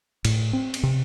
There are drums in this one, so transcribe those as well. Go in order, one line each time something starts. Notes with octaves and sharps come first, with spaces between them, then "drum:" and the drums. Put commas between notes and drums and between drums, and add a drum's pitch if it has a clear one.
A2, drum: cymbal
C4
drum: cymbal
C3